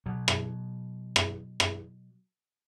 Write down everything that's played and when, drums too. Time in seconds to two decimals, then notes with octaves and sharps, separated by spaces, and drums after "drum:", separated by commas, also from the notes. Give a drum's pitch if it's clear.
0.06 B2 F#3
0.28 drum: rim click
1.16 drum: rim click
1.60 drum: rim click